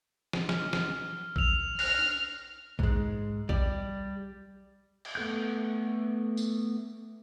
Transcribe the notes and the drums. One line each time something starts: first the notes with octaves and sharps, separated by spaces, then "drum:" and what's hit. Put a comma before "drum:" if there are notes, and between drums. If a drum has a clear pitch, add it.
drum: snare
F6, drum: snare
drum: snare
E6 F7, drum: kick A#1
F6 F#6 A#6, drum: open hi-hat
G#2 G#3, drum: kick A#1
G3 D5, drum: kick A#1
drum: cymbal
A3 B3 A4 F#6 G6
drum: tambourine